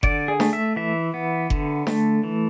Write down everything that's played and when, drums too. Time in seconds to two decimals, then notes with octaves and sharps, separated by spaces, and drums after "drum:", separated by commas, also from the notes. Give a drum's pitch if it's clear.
0.03 D3 D5, drum: kick F#1
0.28 G#4
0.40 A3, drum: snare D4
0.53 E5
0.76 E3 E5
1.14 B3
1.50 D3, drum: kick F#1
1.87 A3, drum: snare D4
2.24 E3